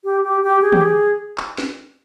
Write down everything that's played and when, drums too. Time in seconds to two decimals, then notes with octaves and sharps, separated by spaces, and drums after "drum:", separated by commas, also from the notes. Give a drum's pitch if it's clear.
0.04 G4
0.24 G4
0.43 G4
0.62 G#4
0.72 G4, drum: tom
0.81 G#4
1.38 drum: clap
1.58 drum: snare